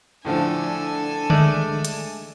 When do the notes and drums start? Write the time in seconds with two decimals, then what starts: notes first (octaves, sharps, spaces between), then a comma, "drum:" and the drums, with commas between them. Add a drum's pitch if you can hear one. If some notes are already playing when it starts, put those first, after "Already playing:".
0.25 A2 D3 F3 D4 A4 G#5
1.30 G#3 A3 D5, drum: tom D3
1.85 drum: hi-hat